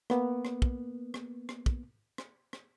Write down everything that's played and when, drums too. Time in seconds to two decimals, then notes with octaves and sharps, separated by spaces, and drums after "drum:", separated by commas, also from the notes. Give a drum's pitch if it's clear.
0.10 A#3 B3, drum: rim click
0.45 drum: rim click
0.62 drum: kick
1.14 drum: rim click
1.49 drum: rim click
1.66 drum: kick
2.18 drum: rim click
2.53 drum: rim click